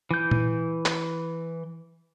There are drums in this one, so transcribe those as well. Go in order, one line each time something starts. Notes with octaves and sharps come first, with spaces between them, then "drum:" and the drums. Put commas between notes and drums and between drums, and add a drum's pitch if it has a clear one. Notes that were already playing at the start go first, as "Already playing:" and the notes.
E3 G6
drum: tom A#2
drum: clap